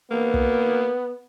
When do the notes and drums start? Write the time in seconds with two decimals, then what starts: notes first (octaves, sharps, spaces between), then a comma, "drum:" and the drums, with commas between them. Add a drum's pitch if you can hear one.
0.11 A#3 B3
0.34 drum: kick